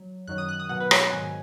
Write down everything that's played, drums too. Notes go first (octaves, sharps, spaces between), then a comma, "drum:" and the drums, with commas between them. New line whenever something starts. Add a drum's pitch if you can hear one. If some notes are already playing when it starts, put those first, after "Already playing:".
Already playing: F#3
F#2 D#3 F#3 F#6
D#6
F#6
D#6
B2 F#3 F#5
B4
C#5, drum: rim click
F#5
G#2 D#3 F#3 G#5